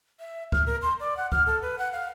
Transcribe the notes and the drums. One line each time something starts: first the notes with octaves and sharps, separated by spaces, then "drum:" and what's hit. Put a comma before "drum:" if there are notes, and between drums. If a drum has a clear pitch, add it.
E5
F6, drum: kick C#2
A#4
C6
D5
F#5
F6, drum: kick C#2
A4
B4
F#5
F5